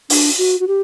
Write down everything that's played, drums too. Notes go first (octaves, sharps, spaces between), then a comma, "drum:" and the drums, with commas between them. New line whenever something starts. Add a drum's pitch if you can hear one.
D4, drum: open hi-hat
F#4
F#4
G4